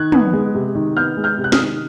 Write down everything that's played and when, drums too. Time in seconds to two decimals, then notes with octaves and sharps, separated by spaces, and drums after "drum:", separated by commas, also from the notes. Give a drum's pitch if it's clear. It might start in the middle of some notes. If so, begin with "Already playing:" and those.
Already playing: D#3 F#6 G#6
0.12 B3, drum: tom
0.33 G#3
0.55 C3
0.75 D#3
0.97 B3 F6 G6
1.17 G#3
1.24 F6 G6
1.38 C3
1.44 F#6
1.52 D#6 F6, drum: snare
1.59 D#3